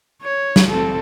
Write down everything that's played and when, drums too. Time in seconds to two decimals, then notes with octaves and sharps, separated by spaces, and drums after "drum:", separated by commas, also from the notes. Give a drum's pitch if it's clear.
0.22 C#5
0.56 drum: snare
0.68 C4 A4